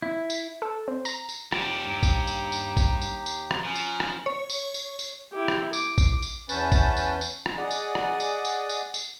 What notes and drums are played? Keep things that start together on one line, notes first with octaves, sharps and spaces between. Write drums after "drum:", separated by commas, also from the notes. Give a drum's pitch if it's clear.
E4
drum: tambourine
A4
C4
A#5, drum: tambourine
drum: tambourine
D#2 F3 D4 G4, drum: rim click
G2 A#5
drum: kick A1, tambourine
drum: tambourine
drum: tambourine
drum: kick A1, tambourine
drum: tambourine
drum: tambourine
drum: rim click
F3 C#4 F#6
drum: tambourine
drum: rim click
C#5
drum: tambourine
drum: tambourine
drum: tambourine
E4 G4
drum: rim click
D6, drum: tambourine
drum: kick A1, tambourine
drum: tambourine
E2 C#4 B4 A5 G6, drum: tambourine
drum: kick A1, tambourine
drum: tambourine
drum: tambourine
drum: rim click
G#4 D5 D#5 F#5 D#6
drum: tambourine
drum: rim click
drum: tambourine
drum: tambourine
drum: tambourine
drum: tambourine